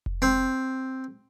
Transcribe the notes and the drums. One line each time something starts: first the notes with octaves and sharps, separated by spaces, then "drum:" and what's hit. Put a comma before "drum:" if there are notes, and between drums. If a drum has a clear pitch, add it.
drum: kick F1
C4